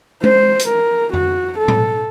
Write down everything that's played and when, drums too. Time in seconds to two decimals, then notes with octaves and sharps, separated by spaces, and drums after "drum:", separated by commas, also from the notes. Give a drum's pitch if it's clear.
0.24 C5, drum: tom G#3
0.59 drum: hi-hat
0.69 A#4
1.13 F#4, drum: tom F2
1.59 A4
1.68 drum: tom A2